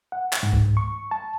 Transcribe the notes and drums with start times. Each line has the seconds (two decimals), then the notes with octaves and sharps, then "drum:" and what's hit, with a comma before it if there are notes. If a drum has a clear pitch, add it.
0.12 F#5
0.33 drum: clap
0.43 G#2
0.53 drum: kick
0.77 C#6
1.11 A5